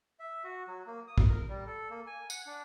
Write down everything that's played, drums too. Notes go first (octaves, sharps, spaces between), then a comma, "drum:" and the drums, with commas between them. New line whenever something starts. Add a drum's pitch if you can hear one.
E5
F#4
F#3
A#3
D#6
drum: kick
A#4
G3
A4
A#3
G#5
F#5, drum: tambourine
D4